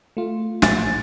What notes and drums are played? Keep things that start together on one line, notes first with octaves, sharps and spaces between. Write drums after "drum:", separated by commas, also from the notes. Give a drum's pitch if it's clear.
A3 F4
A#1 A2 E5 G#5 A6, drum: snare